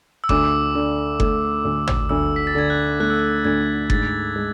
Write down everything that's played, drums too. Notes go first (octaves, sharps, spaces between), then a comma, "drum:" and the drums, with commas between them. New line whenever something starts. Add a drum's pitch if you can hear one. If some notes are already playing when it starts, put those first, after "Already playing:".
E6
D2 D6, drum: kick F#1
D3
A3, drum: kick F#1
D2
drum: tom
D2 E6
B6
A6
D3 G#6
F#6
A3 F#6
E6
F#6
D2 G#6
G#2 A6, drum: kick F#1
G#3